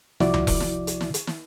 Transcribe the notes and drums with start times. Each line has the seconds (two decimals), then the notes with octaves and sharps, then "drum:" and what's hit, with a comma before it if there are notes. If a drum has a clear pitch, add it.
0.20 C2 F3 E4 F#4 D5 D6, drum: snare
0.34 drum: tom C#2
0.47 drum: kick E1, open hi-hat
0.60 drum: snare
0.87 drum: hi-hat
1.01 drum: snare
1.14 drum: hi-hat
1.27 drum: snare